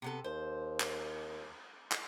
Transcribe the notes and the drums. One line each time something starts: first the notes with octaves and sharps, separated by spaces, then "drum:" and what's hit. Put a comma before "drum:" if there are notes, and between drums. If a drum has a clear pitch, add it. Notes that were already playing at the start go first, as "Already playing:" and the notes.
C3 B3 A4
D#2 C5
drum: clap
drum: clap